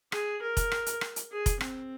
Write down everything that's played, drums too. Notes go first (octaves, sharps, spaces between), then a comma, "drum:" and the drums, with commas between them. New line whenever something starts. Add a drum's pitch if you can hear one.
G#4, drum: rim click
A#4
drum: kick F1, hi-hat
drum: rim click
drum: hi-hat
drum: rim click
drum: hi-hat
G#4
drum: kick F1, hi-hat
C4, drum: rim click